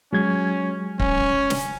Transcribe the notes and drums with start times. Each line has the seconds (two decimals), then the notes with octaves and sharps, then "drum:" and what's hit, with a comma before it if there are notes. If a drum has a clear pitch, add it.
0.13 F#3 G#3 C#4 G#6
1.00 C#4, drum: kick
1.50 drum: snare